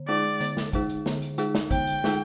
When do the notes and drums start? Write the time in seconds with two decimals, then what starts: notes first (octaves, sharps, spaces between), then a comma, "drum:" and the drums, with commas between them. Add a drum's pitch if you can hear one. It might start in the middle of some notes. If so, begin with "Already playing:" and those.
Already playing: D3
0.08 G#3 D#4 G#4 D5
0.41 D3, drum: hi-hat
0.57 drum: snare
0.73 G#3 D#4 G#4, drum: kick, hi-hat
0.89 drum: hi-hat
1.06 D3, drum: snare
1.22 drum: hi-hat
1.38 G#3 D#4 G#4, drum: hi-hat
1.55 drum: snare
1.71 D3 G5, drum: kick, hi-hat
1.87 drum: hi-hat
2.04 G#3 D#4 G#4, drum: snare